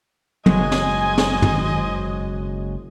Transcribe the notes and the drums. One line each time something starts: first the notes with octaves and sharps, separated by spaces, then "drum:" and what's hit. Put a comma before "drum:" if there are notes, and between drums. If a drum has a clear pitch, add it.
F#1 F#3 G#3 C5 D#5 G#5, drum: tom
drum: snare
drum: snare
drum: tom